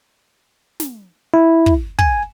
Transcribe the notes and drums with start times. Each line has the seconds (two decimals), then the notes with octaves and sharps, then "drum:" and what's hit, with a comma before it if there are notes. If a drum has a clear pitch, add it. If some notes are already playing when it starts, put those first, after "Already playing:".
0.80 drum: snare
1.34 E4
1.66 drum: kick
1.99 G#5, drum: kick